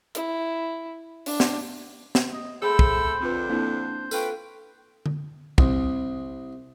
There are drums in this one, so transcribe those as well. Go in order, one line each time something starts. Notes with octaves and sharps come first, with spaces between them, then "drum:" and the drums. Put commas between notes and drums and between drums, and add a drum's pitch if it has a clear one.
E4, drum: hi-hat
D4, drum: open hi-hat
drum: snare
drum: snare
D#5
A3 C4 G#4 A4 C5 B5
drum: kick
F2 D3 C4 F4 B4
A#3 C4 D4 E4
F4 A4 B4 G5 C#6, drum: tambourine
drum: tom D3
C2, drum: kick